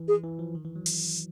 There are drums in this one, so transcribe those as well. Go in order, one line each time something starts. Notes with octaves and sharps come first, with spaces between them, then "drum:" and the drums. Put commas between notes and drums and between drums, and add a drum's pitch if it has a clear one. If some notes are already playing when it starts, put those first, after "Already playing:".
Already playing: E3
G#4
E3
F3
D#3
E3
F#3
drum: open hi-hat